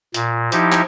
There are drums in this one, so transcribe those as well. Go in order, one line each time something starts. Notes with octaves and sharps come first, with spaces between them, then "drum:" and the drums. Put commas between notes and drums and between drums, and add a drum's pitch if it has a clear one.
A#2, drum: hi-hat
F3 D#4 E4 G4, drum: hi-hat
drum: clap